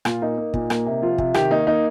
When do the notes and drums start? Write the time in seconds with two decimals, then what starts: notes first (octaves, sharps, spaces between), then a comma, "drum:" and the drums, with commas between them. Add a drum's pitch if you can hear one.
0.05 A#2 F4, drum: rim click
0.22 A#3 D#4
0.37 A#3
0.54 A#2, drum: kick
0.70 A#3, drum: rim click
0.86 C3
1.02 F3 F4
1.18 C3, drum: kick
1.34 D#3 G4, drum: rim click
1.51 A#3 D#4
1.67 A#3 D#4